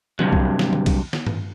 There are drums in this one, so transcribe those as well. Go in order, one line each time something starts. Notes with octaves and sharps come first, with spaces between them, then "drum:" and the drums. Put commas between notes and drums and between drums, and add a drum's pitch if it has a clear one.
G2 C3 F#3, drum: tom D3
drum: kick B1
drum: snare
drum: tom D3
drum: kick B1, cymbal
drum: snare
drum: tom